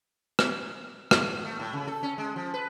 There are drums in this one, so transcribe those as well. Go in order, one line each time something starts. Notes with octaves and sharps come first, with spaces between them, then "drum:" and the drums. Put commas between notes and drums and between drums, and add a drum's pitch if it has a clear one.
drum: rim click
drum: rim click
A3
A2
C#3
A4
C#4
G#3
F3
B4